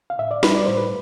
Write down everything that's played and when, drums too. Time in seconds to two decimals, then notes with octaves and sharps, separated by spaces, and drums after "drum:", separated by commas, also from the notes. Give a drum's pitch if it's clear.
0.10 F5
0.19 A2 E5
0.31 D5
0.43 G3 B4, drum: snare
0.55 D5
0.66 A2 C5
0.77 B4